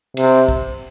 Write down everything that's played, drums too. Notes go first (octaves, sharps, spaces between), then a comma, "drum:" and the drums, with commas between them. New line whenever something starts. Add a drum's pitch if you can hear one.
C3, drum: cymbal
drum: kick